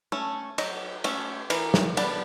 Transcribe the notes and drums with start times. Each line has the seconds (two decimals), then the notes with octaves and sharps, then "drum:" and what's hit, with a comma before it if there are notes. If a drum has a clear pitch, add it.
0.12 A3 C#4
0.58 F#3 D#5, drum: cymbal
1.04 A3 C#4, drum: cymbal
1.50 E3 A#4, drum: cymbal
1.74 drum: snare
1.97 G3 B3 D4, drum: cymbal